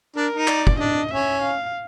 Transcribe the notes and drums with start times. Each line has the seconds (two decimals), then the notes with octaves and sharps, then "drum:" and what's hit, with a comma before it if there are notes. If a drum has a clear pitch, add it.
0.16 D4 A#4
0.33 D#4
0.48 D5, drum: clap
0.67 drum: kick
0.79 D4 D#5
1.11 C#4 E5
1.42 F5